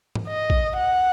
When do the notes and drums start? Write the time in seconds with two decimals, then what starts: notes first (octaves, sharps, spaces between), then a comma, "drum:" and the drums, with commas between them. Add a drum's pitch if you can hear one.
0.15 drum: tom G#2
0.28 D#5
0.50 drum: kick A#1
0.77 F#5